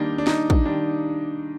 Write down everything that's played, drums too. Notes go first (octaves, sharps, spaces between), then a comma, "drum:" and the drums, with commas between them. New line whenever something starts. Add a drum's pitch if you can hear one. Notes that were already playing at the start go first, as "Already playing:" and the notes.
Already playing: D#3 G3 A#3 D4 D#4
D4
D#4, drum: snare
drum: kick
D#3 G3 D4